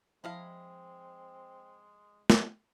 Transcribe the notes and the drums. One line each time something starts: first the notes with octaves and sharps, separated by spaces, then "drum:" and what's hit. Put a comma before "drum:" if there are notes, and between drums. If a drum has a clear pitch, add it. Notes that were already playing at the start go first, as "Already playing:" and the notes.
F3 G#3 C4 E4 D#5 F5 A5
drum: snare